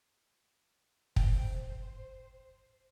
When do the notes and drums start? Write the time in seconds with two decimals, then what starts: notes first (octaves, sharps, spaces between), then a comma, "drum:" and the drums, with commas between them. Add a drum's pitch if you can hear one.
1.16 C5 G5, drum: kick